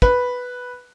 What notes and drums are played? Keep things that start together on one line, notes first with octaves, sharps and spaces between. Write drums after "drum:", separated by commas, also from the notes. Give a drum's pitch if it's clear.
B4, drum: kick